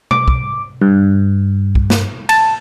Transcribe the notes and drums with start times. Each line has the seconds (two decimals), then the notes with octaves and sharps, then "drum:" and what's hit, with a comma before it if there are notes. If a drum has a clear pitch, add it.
0.11 D6, drum: tom B2
0.28 drum: kick
0.82 G2
1.75 drum: kick
1.90 drum: snare
2.29 A5, drum: cymbal